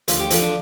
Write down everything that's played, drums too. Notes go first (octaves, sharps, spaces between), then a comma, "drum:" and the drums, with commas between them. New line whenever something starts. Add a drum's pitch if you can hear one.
D2 F4, drum: hi-hat
G4
D3 F3 F4, drum: hi-hat
D4